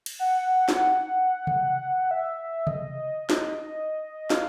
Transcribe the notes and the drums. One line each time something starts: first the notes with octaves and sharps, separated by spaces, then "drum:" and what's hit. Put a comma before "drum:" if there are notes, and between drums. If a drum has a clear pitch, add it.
drum: cymbal
F#5
F#5
drum: snare
drum: tom C3
E5
D#5, drum: tom C3
drum: snare
F5, drum: snare